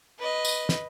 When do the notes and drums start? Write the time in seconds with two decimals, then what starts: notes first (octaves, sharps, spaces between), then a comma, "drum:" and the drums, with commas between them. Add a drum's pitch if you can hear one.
0.19 B4 D#5
0.45 drum: tambourine
0.69 drum: snare